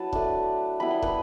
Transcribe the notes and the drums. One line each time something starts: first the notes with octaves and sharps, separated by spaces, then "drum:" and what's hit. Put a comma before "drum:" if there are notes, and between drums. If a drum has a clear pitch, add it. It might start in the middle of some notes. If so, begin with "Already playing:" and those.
Already playing: F#3 E4 B4 A5
A3 D4, drum: kick
G3 B3 E4 B5
C6
B4 B5, drum: kick